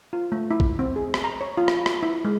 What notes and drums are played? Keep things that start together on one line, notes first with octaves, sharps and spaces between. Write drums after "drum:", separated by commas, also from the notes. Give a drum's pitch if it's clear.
F4
A3
E4
drum: kick A1
C4
G#4
drum: rim click
A#5
C#5
F4
drum: rim click
drum: rim click
E4
G#3